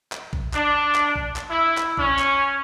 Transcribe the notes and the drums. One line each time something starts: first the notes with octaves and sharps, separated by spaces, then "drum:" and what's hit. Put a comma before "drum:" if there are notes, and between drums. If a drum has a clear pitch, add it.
drum: clap
drum: kick A#1
D4, drum: clap
drum: clap
drum: kick A#1
drum: clap
E4
drum: clap
C#4, drum: kick A#1
drum: clap